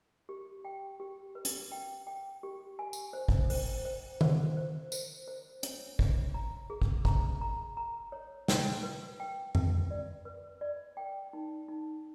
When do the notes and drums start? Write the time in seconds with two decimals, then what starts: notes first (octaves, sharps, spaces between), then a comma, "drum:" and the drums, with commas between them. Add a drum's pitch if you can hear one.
0.29 G4
0.65 G5
1.00 G4
1.35 B4
1.45 drum: hi-hat
1.72 G5
2.07 G5
2.43 G4
2.79 G#5
2.93 drum: tambourine
3.13 C5
3.29 drum: kick
3.50 C5, drum: open hi-hat
3.85 C5
4.21 C5, drum: tom D#3
4.57 C5
4.92 C5, drum: tambourine
5.28 C5
5.63 C#5, drum: hi-hat
5.99 C#5, drum: kick
6.34 A#5
6.70 G#4
6.82 drum: kick
7.05 A#5, drum: kick
7.41 A#5
7.77 A#5
8.12 C#5
8.48 G5, drum: snare
8.83 B4
9.20 G5
9.55 B4, drum: tom F2
9.91 D5
10.25 B4
10.61 D5
10.97 G5
11.33 D#4
11.68 D#4